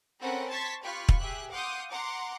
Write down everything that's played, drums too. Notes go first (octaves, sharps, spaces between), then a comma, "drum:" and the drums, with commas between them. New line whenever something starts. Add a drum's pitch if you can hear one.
C4 C#4 A4 A#4 F#5 B5
A5 C6 C#6 G#6 B6
F4 G4 F5 B5 C#6 F#6
drum: kick
G4 G#4 E5 F#6
F5 F#5 C6 D6 D#6 G6
F#5 A#5 C6 D6